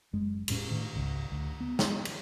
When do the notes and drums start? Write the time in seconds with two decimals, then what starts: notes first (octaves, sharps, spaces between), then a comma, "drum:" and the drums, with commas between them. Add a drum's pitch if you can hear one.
0.13 F#1 F#2 G#3
0.48 E1 A2 C#4, drum: cymbal
0.70 A2 D#3
0.94 G#1 C#2
1.32 D2
1.61 B3
1.79 drum: snare
2.05 drum: cymbal